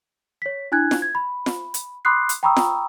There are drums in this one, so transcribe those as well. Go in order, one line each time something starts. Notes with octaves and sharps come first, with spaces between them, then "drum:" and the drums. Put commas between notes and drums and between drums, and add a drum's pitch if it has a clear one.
C#5 B6
D4 E4 G#5 F#6 G#6
drum: snare F4
G#6
B5
drum: snare F4
drum: hi-hat
B5 C6 D6 D#6 F#6 C7
drum: hi-hat
G5 A#5 B5 C#6 D#6 E6
drum: snare F4